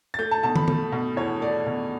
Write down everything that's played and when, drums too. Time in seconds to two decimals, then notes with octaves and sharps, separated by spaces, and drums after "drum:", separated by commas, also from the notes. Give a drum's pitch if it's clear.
0.14 A6
0.18 A3 G6
0.31 A5
0.43 B2 A5
0.56 B5, drum: tom
0.68 A3, drum: tom
0.92 B2
1.16 E2 C#5
1.41 A3 D5
1.67 B2